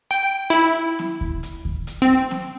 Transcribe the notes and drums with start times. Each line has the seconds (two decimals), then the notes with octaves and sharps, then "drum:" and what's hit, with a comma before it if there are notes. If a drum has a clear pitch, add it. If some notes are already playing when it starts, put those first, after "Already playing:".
0.11 G5, drum: hi-hat
0.50 E4
0.99 drum: snare B3
1.21 drum: kick D2
1.43 drum: hi-hat
1.65 drum: kick D2
1.87 drum: hi-hat
2.02 C4
2.31 drum: snare B3